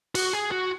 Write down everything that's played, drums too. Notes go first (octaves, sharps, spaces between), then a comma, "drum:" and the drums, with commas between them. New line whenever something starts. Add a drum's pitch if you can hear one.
F#4, drum: open hi-hat
G#4
F#4